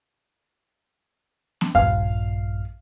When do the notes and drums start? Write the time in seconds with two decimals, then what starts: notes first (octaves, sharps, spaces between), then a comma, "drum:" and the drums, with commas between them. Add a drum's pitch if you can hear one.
1.61 drum: snare B3
1.75 A#1 G2 F5, drum: kick D#2